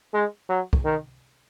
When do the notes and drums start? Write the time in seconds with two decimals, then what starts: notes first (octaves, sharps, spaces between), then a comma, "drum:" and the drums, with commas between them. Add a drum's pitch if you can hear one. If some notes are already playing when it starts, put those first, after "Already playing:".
0.14 G#3
0.49 F#3
0.73 drum: kick
0.85 D#3